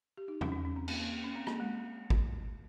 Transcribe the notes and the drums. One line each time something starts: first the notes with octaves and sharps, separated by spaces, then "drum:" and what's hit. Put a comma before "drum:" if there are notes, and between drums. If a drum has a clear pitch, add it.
G4
D#4
C#4, drum: tom
C#4
C#4
C4
A#3, drum: cymbal
A#3
C#4
C4
A#3, drum: rim click
G#3
drum: kick G#1